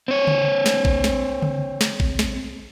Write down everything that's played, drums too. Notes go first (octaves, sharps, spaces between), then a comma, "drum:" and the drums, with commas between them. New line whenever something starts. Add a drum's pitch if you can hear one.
C4 C#5
drum: tom C#3
drum: snare
drum: kick
drum: snare
drum: tom C#3
drum: snare
drum: kick
drum: snare